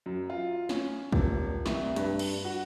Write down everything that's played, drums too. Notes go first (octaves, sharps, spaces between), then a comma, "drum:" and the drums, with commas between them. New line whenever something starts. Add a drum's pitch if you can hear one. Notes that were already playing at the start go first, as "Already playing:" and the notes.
F#2
F4
C#4, drum: snare
D#1, drum: kick
C2, drum: snare
G2, drum: hi-hat
drum: cymbal
F#4